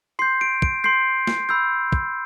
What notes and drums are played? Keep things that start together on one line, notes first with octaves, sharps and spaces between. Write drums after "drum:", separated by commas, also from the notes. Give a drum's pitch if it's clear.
C6 G6 C7
D7
D7, drum: kick
C6 G6 C7
drum: snare
B5 E6 G6
drum: kick